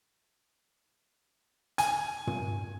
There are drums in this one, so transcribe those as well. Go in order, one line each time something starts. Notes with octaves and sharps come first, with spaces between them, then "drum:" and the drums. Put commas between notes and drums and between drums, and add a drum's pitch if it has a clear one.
G#5, drum: hi-hat
drum: tom